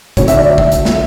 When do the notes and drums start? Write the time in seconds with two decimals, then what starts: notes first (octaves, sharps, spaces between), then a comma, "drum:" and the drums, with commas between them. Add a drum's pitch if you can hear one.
0.17 D2 D3 C#5, drum: kick, hi-hat
0.28 E5, drum: hi-hat
0.37 D5
0.58 E5, drum: kick
0.72 drum: hi-hat
0.85 drum: snare